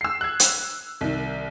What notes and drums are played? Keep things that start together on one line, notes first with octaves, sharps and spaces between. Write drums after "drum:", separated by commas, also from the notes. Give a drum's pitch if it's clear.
E6 C7
F#6 G#6
drum: hi-hat
C2 D#3